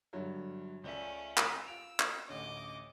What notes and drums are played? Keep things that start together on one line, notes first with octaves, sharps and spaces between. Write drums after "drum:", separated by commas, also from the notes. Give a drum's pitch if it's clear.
G1 G2 F#3
C#2 A3 C#4 D5 E5
drum: clap
F4 E6 D7 F7
drum: clap
A1 D2 C#4 D#5 D6